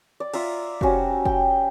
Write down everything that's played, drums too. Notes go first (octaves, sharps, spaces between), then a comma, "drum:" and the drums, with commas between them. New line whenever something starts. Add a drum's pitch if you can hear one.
D5
F4 E5 A#5, drum: cymbal
C#4 F#4 G4 C5, drum: kick
G5, drum: kick